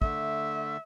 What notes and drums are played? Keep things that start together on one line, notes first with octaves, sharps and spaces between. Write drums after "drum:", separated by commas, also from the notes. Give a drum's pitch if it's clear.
D3 A3 E5, drum: kick